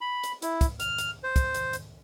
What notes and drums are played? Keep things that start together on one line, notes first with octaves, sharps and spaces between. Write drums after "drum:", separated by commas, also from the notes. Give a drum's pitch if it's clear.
B5
drum: hi-hat
E4, drum: hi-hat
drum: kick, hi-hat
F6, drum: hi-hat
drum: hi-hat
C5
drum: kick, hi-hat
drum: hi-hat
drum: hi-hat